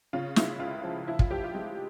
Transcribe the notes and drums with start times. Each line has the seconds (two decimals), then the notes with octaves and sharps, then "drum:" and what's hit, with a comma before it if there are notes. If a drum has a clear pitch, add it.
0.13 C#3 F4
0.36 G#3 E4, drum: snare
0.60 C#2 F4
0.83 F3
1.07 F3 E4
1.19 F4, drum: kick
1.31 F3 G4
1.43 F4
1.54 G#3